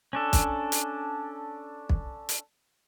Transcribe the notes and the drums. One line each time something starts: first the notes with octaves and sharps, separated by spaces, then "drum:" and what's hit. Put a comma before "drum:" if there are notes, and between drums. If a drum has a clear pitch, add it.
C#4 D4 A4
drum: kick, hi-hat
drum: hi-hat
drum: kick
drum: hi-hat